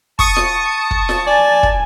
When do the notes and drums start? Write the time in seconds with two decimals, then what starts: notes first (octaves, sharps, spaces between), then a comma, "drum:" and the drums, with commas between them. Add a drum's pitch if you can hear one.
0.19 A5 C#6 D#6 C#7, drum: kick
0.36 drum: snare F4
0.91 drum: kick
1.09 drum: snare F4
1.27 D5 G#5
1.63 drum: kick